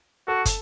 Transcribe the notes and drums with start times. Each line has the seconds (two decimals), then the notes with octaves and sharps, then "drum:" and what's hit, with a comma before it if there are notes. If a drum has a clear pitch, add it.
0.27 F#4 A4
0.45 drum: kick, hi-hat